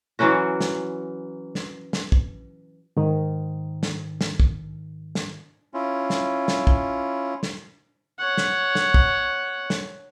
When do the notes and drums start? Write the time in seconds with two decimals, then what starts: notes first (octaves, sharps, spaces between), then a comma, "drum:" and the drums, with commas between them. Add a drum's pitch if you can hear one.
0.19 E3 F#3 C#4 F#4
0.61 drum: snare
1.55 drum: snare
1.93 drum: snare
2.12 drum: kick
2.97 G#2 D#3
3.83 drum: snare
4.21 drum: snare
4.40 drum: kick
5.15 drum: snare
5.74 C#4 E4 F4
6.10 drum: snare
6.48 drum: snare
6.67 drum: kick
7.43 drum: snare
8.19 C#5 F#5
8.38 drum: snare
8.75 drum: snare
8.94 drum: kick
9.70 drum: snare